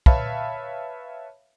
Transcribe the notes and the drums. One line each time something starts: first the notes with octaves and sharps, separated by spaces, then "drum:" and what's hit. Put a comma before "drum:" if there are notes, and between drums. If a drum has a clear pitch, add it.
B4 C#5 E5 F5 A5 B5, drum: kick